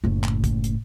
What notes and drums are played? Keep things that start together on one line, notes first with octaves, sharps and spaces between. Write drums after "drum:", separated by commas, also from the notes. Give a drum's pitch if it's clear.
F#1 A2
drum: clap
drum: kick, hi-hat
drum: hi-hat